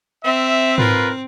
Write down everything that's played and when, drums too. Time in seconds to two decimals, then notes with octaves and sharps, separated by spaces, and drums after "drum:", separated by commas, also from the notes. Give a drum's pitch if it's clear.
0.24 C4 E5
0.78 F4 A#4 B4, drum: tom G#2